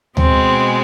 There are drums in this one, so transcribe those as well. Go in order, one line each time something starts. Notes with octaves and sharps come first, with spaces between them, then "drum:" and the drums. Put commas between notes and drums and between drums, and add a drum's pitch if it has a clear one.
B2 G#3 C4, drum: tom D2